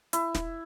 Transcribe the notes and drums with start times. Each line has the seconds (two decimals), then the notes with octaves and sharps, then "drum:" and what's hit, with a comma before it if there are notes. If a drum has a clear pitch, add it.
0.13 E4, drum: hi-hat
0.35 drum: snare